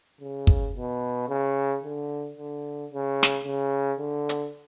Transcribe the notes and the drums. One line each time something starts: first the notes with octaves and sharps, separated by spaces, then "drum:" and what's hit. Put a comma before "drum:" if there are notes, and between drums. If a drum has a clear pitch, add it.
C#3
drum: kick
B2
C#3
D3
D3
C#3
drum: snare
C#3
D3
drum: hi-hat